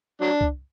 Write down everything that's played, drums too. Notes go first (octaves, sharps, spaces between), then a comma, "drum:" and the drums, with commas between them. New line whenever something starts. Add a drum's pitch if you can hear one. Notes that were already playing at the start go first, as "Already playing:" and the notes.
F#3 D4
drum: kick